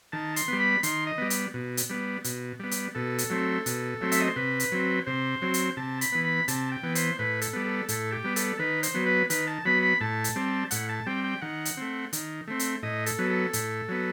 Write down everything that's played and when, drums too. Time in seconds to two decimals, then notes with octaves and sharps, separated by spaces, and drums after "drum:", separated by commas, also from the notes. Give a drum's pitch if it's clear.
0.12 D#3 A5
0.36 C6, drum: hi-hat
0.48 G3 B3
0.60 B5
0.83 D#3 C6, drum: hi-hat
1.07 D#5
1.18 G3 B3
1.30 drum: hi-hat
1.54 B2
1.77 drum: hi-hat
1.90 G3 B3
2.24 B2, drum: hi-hat
2.60 G3 B3
2.71 drum: hi-hat
2.95 B2 A4
3.18 drum: hi-hat
3.30 F#3 A3 C4
3.66 B2, drum: hi-hat
4.01 F#3 A3 C4
4.12 E5, drum: hi-hat
4.20 D#5
4.28 C5
4.36 C3 B4
4.60 drum: hi-hat
4.72 F#3 C4
5.07 C3 C5
5.42 F#3 C4
5.54 drum: hi-hat
5.77 C3 A5
6.01 B5, drum: hi-hat
6.12 E3 B3
6.24 B5
6.48 C3 A5, drum: hi-hat
6.72 G5
6.83 E3 B3
6.95 C5, drum: hi-hat
7.19 A2 B4
7.41 A4, drum: hi-hat
7.53 G3 B3
7.66 A4
7.88 A2 A4, drum: hi-hat
8.12 G4
8.24 G3 B3
8.36 A4, drum: hi-hat
8.59 D#3 B4
8.83 C5, drum: hi-hat
8.94 F#3 B3
9.06 B4
9.30 D#3 B4, drum: hi-hat
9.47 A5
9.65 F#3 B3 B5
9.83 B5
10.01 A2 A5
10.24 drum: hi-hat
10.36 G3 C4
10.71 A2 F#5, drum: hi-hat
10.89 A5
11.06 G3 C4 G5
11.24 G5
11.42 D#3 F#5
11.65 drum: hi-hat
11.77 A3 C4
12.13 D#3, drum: hi-hat
12.47 A3 C4
12.59 drum: hi-hat
12.82 A2 D#5
13.06 A4, drum: hi-hat
13.19 F#3 B3
13.30 A4
13.53 A2, drum: hi-hat
13.88 F#3 B3